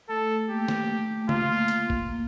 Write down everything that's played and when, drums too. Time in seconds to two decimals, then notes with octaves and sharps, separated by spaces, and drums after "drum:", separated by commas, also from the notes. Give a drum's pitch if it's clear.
0.09 A3 A4
0.29 A3
0.49 A#3 G4
0.68 A#3, drum: snare
0.89 A3
1.22 A3
1.29 A#3 F4, drum: tom
1.42 A3
1.56 A#3
1.68 A#3, drum: hi-hat
1.90 drum: kick G#1
2.09 A#3